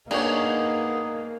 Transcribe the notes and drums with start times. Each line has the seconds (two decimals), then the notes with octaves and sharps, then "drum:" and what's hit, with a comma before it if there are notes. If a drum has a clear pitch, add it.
0.11 A#3 B3 D4 D#4 G#4 C#5, drum: cymbal